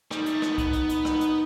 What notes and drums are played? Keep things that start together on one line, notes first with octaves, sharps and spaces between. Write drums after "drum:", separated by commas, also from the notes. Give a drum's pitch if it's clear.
G3 D#4, drum: rim click
A3, drum: hi-hat
B3 D#4, drum: rim click
B3, drum: kick C2, hi-hat
D#4, drum: hi-hat
drum: hi-hat
D#4, drum: rim click
drum: hi-hat